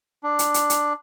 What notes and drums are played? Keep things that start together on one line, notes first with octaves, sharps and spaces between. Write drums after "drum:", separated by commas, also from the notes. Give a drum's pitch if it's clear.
D4
drum: hi-hat
drum: hi-hat
drum: hi-hat